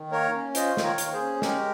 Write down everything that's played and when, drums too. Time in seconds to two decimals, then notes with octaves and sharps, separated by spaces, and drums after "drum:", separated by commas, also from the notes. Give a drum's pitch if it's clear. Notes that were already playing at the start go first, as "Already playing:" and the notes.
Already playing: D#3
0.11 A#3 A#4 C#5
0.34 C#4
0.55 F4 C5 D#5, drum: hi-hat
0.77 D#3, drum: snare
0.83 A#4 C#5
0.98 A#3, drum: hi-hat
1.07 C#5
1.13 G#4 C5
1.21 C#4
1.42 G#3 G4 A#4, drum: snare